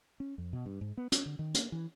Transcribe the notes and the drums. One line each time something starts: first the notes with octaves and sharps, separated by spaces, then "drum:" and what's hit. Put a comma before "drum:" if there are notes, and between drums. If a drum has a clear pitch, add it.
C#4
F2
B2
G2
G#2
B3
C#4, drum: hi-hat
D3
D#3
A#3, drum: hi-hat
E3